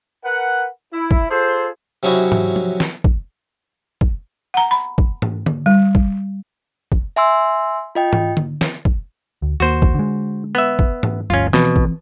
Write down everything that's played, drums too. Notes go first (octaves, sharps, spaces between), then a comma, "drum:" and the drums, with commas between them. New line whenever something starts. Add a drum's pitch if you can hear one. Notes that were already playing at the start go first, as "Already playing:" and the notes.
A#4 B4 F#5
E4
drum: kick
F4 G#4 A4 C5
C3 F#3 C#4 D#4 E4 F#4
drum: tom G#2
drum: tom F3
drum: snare
drum: kick
drum: kick
F#5 A#5
B5
drum: kick
drum: tom G#2
drum: tom D3
G3
drum: kick
drum: kick
E5 G#5 C6 E6
F4 D#5 G5
drum: tom G#2
drum: tom D3
drum: snare
drum: kick
D2
D#2 A#3 F#4 C5
drum: kick
D3 G#3
B3 E5
drum: kick
drum: tom G#2
G1 D2 C#4 F4, drum: tom F3
B2 E3 F3 C4, drum: snare
drum: kick